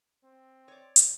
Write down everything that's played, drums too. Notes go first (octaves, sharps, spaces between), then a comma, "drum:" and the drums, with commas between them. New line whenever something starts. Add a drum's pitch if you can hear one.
C4
C#5 D5
drum: hi-hat